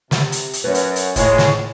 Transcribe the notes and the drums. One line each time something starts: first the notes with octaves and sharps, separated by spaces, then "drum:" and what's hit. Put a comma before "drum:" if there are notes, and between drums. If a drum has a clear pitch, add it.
C3, drum: snare
drum: hi-hat
drum: hi-hat
F#2 B4 C#5
drum: hi-hat
drum: hi-hat
A2 C3 G#3 E4 C#5 F5, drum: kick F#1, hi-hat
drum: snare